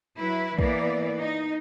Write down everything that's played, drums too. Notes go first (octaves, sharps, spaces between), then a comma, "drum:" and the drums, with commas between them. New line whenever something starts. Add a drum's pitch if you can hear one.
F#3 E4 B4
E3 A#3 B3 D5, drum: kick
D#4